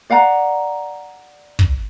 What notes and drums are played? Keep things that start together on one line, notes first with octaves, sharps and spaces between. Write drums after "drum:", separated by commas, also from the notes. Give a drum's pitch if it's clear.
D5 F5 F#5 A#5
drum: kick